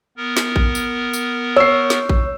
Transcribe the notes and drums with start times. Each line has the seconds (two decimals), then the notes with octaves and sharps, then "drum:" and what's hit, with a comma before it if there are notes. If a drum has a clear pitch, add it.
0.17 B3 A#4
0.37 drum: snare
0.56 drum: kick A1
0.75 drum: tambourine
1.13 drum: tambourine
1.57 C#5 E6 C7
1.90 drum: snare
2.09 drum: kick A1